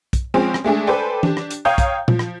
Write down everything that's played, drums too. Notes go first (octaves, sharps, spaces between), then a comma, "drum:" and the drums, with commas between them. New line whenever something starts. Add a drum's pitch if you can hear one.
drum: kick, hi-hat
F3 G#3 C4 C#4
drum: rim click
G#3 A3 D4 G#4
A4 B4 C5 D5 G5 G#5
D4 G4, drum: tom
drum: rim click
drum: hi-hat
C#5 F5 G5 A#5 D#6 G6
drum: kick, hi-hat
F3, drum: tom A#2
drum: rim click